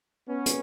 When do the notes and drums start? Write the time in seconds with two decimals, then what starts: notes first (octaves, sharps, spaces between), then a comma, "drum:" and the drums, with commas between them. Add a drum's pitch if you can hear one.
0.29 B3 C#4
0.46 drum: hi-hat